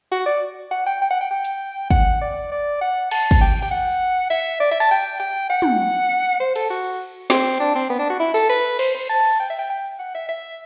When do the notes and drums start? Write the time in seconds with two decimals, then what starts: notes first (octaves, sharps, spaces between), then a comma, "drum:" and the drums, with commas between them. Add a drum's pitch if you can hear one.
0.12 F#4
0.26 D5
0.71 F#5
0.86 G5
1.02 G5
1.11 F#5
1.21 G5
1.31 G5
1.45 drum: hi-hat
1.91 F#5, drum: kick
2.22 D5
2.52 D5
2.81 F#5
3.11 A5, drum: cymbal
3.31 drum: kick
3.41 G5
3.63 G5
3.71 F#5
4.30 E5
4.60 D5
4.71 E5
4.80 A5, drum: open hi-hat
4.91 G5
5.20 G5
5.50 F#5
5.62 drum: tom
6.40 C5
6.56 A4, drum: cymbal
6.70 F#4
7.30 C4, drum: snare
7.60 D4
7.75 C4
7.90 B3
7.99 D4
8.10 F#4
8.20 E4
8.34 A4, drum: open hi-hat
8.49 B4
8.79 C5, drum: cymbal
8.94 C5
9.09 A5
9.40 G5
9.50 E5
9.59 G5
9.70 G5
9.99 F#5
10.14 E5
10.29 E5